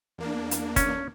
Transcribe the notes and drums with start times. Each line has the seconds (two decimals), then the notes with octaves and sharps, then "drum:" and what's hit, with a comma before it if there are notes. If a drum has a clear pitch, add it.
0.18 E2 A#3 D4
0.51 drum: hi-hat
0.76 C#4, drum: kick, hi-hat